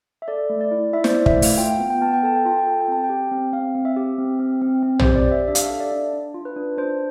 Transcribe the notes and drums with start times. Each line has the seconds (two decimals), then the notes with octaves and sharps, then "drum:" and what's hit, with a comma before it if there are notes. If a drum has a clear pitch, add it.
0.22 E5
0.28 A4 D5
0.50 A3
0.61 D5
0.71 E4
0.93 E4 E5
1.04 C5, drum: snare
1.09 D5
1.14 E4
1.26 E5, drum: kick
1.36 A3
1.42 F5, drum: open hi-hat
1.58 F4 G5
1.80 B3
1.90 G5
2.01 B3 A5
2.14 G5
2.23 A4 A5
2.36 G5
2.45 F4 A5
2.59 G5
2.67 A4 A5
2.81 G5
2.88 C4 A5
3.04 G5
3.09 G4
3.32 C4
3.53 C4 F5
3.75 C4
3.85 E5
3.97 G4
4.18 C4
4.39 C4
4.62 C4
4.82 C4
4.99 C5, drum: tom
5.05 G4
5.16 D5
5.26 G4
5.31 E5
5.48 D4 E5
5.55 F5, drum: hi-hat
5.62 E5
5.70 A4
5.80 D5
5.92 D4
6.13 D4
6.34 F4
6.45 B4
6.56 D4
6.78 D4 C5